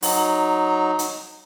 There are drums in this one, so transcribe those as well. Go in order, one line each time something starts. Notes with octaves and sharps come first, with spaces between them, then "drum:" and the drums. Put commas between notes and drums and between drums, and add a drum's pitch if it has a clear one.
F#3 D#4, drum: open hi-hat
drum: hi-hat